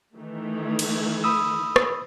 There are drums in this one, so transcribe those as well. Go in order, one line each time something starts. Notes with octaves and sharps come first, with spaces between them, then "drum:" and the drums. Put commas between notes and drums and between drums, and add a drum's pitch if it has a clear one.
D#3 E3 A3
drum: cymbal
B5 D#6 E6
drum: rim click